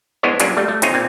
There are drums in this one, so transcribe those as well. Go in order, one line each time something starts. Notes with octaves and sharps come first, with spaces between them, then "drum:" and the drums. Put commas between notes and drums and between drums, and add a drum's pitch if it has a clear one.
G#3 B3 D4 E4 C5 C#5
F#3 A#3 C#4 D4 F4 G4, drum: hi-hat
G3 A3
A3
C4 D#4 F4 G#4 C#5, drum: hi-hat
A#2 C4